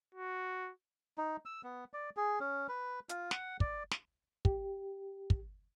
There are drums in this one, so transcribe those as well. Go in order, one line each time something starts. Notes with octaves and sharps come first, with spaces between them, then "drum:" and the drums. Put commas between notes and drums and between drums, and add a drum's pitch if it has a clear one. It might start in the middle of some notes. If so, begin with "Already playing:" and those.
F#4
D#4
E6
B3
D5
G#4
C#4
B4
F4, drum: hi-hat
F#5, drum: snare
D5, drum: kick
drum: snare
G4, drum: kick
drum: kick